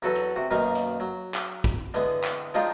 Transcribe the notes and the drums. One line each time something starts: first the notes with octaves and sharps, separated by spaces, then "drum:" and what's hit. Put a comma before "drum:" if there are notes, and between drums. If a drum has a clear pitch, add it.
E2 F#3 F#4 A4 B4
drum: hi-hat
C3 F#4
F#2 B2 D#3 A#3 F5
drum: hi-hat
F#3
drum: clap
drum: kick, hi-hat
D3 E3 G#3 B3, drum: hi-hat
drum: clap
F3 G#3 D4 D#4 F4 G4, drum: hi-hat